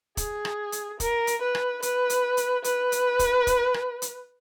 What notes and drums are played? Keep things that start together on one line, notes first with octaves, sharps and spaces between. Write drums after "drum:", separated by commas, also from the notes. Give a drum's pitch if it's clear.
G#4, drum: kick, hi-hat
drum: rim click
drum: hi-hat
A#4, drum: kick, hi-hat
drum: hi-hat
B4
drum: rim click
B4, drum: hi-hat
drum: hi-hat
drum: hi-hat
B4, drum: hi-hat
drum: hi-hat
drum: kick, hi-hat
drum: kick, hi-hat
drum: rim click
drum: hi-hat